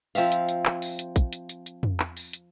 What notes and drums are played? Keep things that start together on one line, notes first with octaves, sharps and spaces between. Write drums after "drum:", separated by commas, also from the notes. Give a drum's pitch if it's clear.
F3 C4 E5 F5, drum: open hi-hat
drum: hi-hat
drum: hi-hat
drum: clap
drum: open hi-hat
drum: hi-hat
drum: kick, hi-hat
drum: hi-hat
drum: hi-hat
drum: hi-hat
drum: tom
drum: clap
drum: open hi-hat
drum: hi-hat